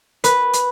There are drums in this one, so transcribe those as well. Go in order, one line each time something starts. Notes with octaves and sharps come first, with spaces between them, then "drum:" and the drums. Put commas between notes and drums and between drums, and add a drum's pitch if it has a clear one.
B4, drum: hi-hat
drum: hi-hat